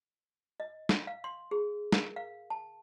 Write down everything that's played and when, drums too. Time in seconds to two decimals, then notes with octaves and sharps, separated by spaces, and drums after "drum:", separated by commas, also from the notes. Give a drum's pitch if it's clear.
0.60 D#5
0.89 drum: snare
1.07 F5
1.24 C6
1.51 G#4
1.92 A#4, drum: snare
2.16 F5
2.50 A5